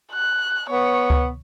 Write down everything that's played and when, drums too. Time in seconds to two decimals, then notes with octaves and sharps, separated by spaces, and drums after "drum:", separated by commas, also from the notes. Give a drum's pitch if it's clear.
0.13 F#6
0.70 B3 C#5
1.10 drum: kick C#2